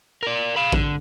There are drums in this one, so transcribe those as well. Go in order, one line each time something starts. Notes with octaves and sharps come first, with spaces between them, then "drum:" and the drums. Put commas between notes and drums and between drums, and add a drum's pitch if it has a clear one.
A#4 D5
F5 B5
D3, drum: kick A1